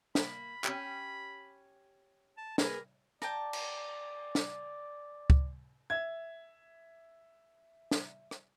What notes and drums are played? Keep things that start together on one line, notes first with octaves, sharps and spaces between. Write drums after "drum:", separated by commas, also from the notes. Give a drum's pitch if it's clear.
A#3 B5, drum: snare
C#4 G4, drum: clap
A5
A#3 G#4 A#4 B4, drum: snare
D5 G5 A5 A#5, drum: rim click
drum: cymbal
drum: snare
drum: kick
E5 G#6
drum: snare
drum: rim click